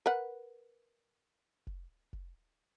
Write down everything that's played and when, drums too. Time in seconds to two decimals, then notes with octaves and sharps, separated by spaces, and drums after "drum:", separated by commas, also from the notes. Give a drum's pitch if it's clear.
0.06 A#4 B4 F#5
1.67 drum: kick F1
2.13 drum: kick F1